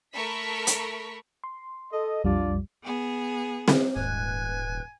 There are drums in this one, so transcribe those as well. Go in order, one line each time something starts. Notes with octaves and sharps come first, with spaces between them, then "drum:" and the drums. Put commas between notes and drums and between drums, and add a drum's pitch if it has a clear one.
A3 A4 A#4 B5 C#6 B6
drum: hi-hat
C6
A4 D#5
B1 F2 G3 D4 F4 D5
B3 G#4
drum: snare C4
D#1 G#2 B4 G#5 F#6